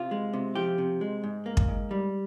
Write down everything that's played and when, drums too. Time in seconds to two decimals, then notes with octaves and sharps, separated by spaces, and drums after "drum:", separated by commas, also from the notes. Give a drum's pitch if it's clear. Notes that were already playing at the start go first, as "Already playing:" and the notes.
Already playing: C3 F4
0.11 G#3
0.33 C3
0.55 F3 G4
0.78 C3
1.01 G#3
1.24 G#2
1.46 A#3
1.57 drum: kick
1.68 G#2
1.91 G3